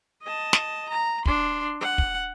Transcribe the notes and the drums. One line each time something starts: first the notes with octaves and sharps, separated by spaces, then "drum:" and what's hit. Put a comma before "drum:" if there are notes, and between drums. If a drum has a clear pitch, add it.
D#5 A5
drum: snare
A#5
D4 C6, drum: kick
F#5
drum: kick